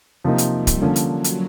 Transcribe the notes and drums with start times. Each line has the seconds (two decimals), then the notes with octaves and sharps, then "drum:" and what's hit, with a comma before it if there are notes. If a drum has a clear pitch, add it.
0.24 C3 F3 F#3 A#3 D#4
0.38 drum: hi-hat
0.53 G3
0.67 drum: kick, hi-hat
0.81 D3 F3 A#3 C#4
0.96 drum: hi-hat
1.10 F#3
1.24 drum: hi-hat